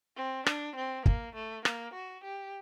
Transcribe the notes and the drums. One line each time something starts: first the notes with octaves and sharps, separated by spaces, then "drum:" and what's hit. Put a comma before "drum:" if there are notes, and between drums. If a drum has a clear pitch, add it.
C4
D4, drum: rim click
C4
A#3, drum: kick
A3
A#3, drum: rim click
F#4
G4